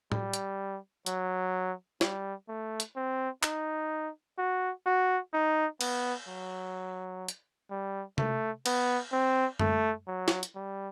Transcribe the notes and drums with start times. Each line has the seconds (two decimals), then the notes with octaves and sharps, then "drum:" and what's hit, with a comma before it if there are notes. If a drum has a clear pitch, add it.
0.12 G3, drum: tom A2
0.33 drum: hi-hat
1.06 F#3, drum: hi-hat
2.01 G3, drum: snare
2.49 A3
2.80 drum: hi-hat
2.96 C4
3.43 D#4, drum: clap
4.38 F#4
4.86 F#4
5.33 D#4
5.81 B3, drum: cymbal
6.28 F#3
7.28 drum: hi-hat
7.71 G3
8.18 A3, drum: tom C3
8.66 B3, drum: cymbal
9.12 C4
9.59 A3, drum: tom
10.07 F#3
10.28 drum: snare
10.43 drum: hi-hat
10.55 G3